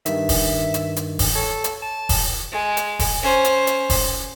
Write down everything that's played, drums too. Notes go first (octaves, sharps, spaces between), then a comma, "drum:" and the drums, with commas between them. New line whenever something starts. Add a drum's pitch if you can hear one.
G2 D#3 E5, drum: hi-hat
drum: kick E1, open hi-hat
drum: hi-hat
drum: hi-hat
drum: kick E1, open hi-hat
A4 C#5
drum: hi-hat
A5
drum: kick E1, open hi-hat
G#3
drum: hi-hat
drum: kick E1, open hi-hat
C#4 C5
drum: hi-hat
drum: hi-hat
drum: kick E1, open hi-hat